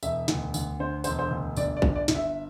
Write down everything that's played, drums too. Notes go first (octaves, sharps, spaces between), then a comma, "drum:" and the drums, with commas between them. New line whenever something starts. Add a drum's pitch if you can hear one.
E1 E5, drum: tambourine
D2, drum: snare
D2, drum: tambourine
D3 C5
E1 C5, drum: tambourine
C5
D2
G1 D5, drum: tambourine
D5
G1, drum: kick A#1
D5
G1, drum: snare
E5